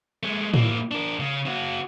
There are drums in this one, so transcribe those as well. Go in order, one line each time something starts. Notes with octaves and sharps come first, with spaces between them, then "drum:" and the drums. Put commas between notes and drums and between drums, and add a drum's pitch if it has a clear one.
G#3 A3
A#3 E4, drum: tom A2
D4 A#4
C#3
C#3 F#4